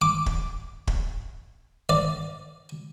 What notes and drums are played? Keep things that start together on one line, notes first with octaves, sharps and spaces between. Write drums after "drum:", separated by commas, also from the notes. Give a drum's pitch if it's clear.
D6
drum: kick
drum: kick
D5